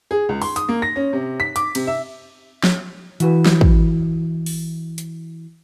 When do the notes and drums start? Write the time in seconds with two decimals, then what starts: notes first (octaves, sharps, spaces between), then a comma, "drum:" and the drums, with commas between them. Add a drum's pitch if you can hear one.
0.11 G#4
0.29 C#2
0.42 C6, drum: open hi-hat
0.56 D#6, drum: hi-hat
0.69 A#3
0.82 A#6
0.96 C#4
1.13 C3
1.40 B6
1.56 D6, drum: hi-hat
1.75 C3, drum: cymbal
1.87 E5
2.64 drum: snare
3.20 E3 F#4 B4, drum: hi-hat
3.46 drum: snare
3.61 drum: kick
4.46 drum: open hi-hat
4.98 drum: hi-hat